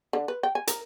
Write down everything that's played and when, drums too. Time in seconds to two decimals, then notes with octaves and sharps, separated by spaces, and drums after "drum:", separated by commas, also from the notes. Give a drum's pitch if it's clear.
0.13 D3
0.28 B4
0.43 G5
0.55 G#5
0.67 A#4, drum: hi-hat